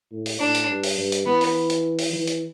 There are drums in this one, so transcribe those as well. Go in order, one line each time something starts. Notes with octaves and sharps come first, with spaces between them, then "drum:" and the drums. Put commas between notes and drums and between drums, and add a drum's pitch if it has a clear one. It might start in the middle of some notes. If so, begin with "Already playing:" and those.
A2
drum: open hi-hat
A2 D4
drum: hi-hat
G2
drum: open hi-hat
G2
drum: hi-hat
E3 B3
drum: open hi-hat
drum: hi-hat
drum: open hi-hat
E3
drum: hi-hat